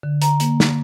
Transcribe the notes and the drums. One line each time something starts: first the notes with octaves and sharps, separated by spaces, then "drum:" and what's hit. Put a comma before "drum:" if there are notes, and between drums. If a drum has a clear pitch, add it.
D3
A#5, drum: hi-hat
A#3, drum: hi-hat
drum: snare